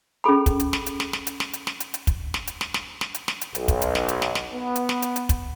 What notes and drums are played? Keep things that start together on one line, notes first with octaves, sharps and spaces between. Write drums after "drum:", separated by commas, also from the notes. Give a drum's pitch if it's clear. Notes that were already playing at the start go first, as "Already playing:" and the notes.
C#4 G#4 A4 B5
drum: kick, hi-hat
drum: hi-hat
drum: snare
drum: hi-hat
drum: snare
drum: snare
drum: hi-hat
drum: snare
drum: hi-hat
drum: snare
drum: hi-hat
drum: hi-hat
drum: kick, hi-hat
drum: snare
drum: hi-hat
drum: snare
drum: snare
drum: snare
drum: hi-hat
drum: snare
drum: hi-hat
B1, drum: hi-hat
drum: kick, hi-hat
drum: hi-hat
drum: snare
drum: hi-hat
drum: snare
drum: snare
B3
drum: hi-hat
drum: snare
drum: hi-hat
drum: hi-hat
drum: kick, hi-hat